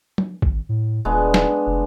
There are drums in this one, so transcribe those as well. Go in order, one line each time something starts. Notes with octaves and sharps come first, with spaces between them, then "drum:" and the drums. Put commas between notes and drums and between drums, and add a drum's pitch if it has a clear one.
drum: tom
G#1, drum: kick
A2
D#1 G#3 B3 D4
drum: snare
F1